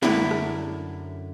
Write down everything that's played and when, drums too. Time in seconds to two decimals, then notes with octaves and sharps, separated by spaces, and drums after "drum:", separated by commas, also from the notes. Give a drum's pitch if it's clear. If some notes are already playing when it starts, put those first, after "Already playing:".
0.03 F#2 D3 E4, drum: snare
0.31 drum: rim click